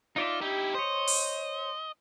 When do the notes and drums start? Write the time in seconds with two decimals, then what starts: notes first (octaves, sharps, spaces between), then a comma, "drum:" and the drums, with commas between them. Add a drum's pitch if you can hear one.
0.16 D#4 F4 D5 E5
0.41 D#4 E4 G4
0.74 C5 C#5 D#5
1.08 drum: open hi-hat